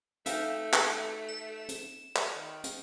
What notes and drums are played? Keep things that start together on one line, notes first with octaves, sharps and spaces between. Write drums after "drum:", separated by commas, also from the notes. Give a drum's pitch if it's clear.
A3 D#4 E5 F5 G5, drum: hi-hat
drum: clap
E7
drum: hi-hat
drum: clap
D#3
drum: hi-hat